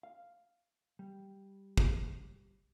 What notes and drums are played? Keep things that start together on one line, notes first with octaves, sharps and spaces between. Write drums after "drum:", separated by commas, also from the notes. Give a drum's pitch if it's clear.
F5
G3
drum: kick